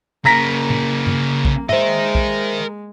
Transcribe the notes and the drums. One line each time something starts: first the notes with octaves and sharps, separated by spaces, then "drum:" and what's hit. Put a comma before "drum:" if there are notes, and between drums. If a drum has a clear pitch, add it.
C#3 A#3 A#4 A#5 A#6 B6
drum: tom A#2
drum: tom G2
drum: kick
G#3 A#4 C5 D#5 E5, drum: tom
drum: kick